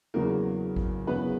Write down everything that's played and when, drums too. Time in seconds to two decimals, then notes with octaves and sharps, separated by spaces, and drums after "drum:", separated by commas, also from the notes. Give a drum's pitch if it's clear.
0.14 E2 C#3 F#3 A#3 A#4
0.76 drum: kick G#1
1.07 E2 C#3 F#3 B3 B4